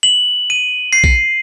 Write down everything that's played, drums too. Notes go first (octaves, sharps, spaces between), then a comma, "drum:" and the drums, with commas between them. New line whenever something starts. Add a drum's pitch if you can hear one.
F#7
D#7
C7
drum: kick A#1